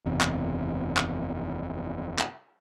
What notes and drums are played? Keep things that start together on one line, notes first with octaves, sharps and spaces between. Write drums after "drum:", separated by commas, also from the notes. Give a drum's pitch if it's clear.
F#1 E2 C3
drum: clap
drum: clap
drum: clap